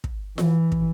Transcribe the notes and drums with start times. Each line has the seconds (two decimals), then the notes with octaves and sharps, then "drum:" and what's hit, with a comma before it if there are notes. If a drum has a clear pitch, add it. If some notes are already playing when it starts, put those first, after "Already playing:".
0.04 drum: kick
0.38 E3, drum: snare F4
0.72 drum: kick